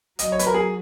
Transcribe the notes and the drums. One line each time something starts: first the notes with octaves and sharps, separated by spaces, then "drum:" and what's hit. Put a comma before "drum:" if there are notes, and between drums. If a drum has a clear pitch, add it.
F#3 D#5, drum: hi-hat
C#5
B4, drum: hi-hat
A#4
G#4